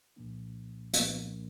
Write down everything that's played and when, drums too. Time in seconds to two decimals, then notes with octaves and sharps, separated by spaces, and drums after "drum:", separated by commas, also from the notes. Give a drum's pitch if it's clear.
0.16 C2 A#2 F3 A#3 D4
0.94 C2 A#2 F3 A#3 D4, drum: hi-hat